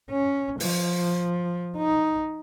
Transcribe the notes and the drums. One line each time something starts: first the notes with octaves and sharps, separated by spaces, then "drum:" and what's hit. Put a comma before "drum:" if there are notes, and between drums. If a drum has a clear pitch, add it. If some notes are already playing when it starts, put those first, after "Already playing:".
C#4
F3, drum: open hi-hat
D#4